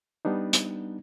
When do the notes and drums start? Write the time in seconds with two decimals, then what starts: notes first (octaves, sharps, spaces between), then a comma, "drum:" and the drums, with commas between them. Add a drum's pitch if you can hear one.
0.25 G3 B3 D4 D#4
0.53 drum: hi-hat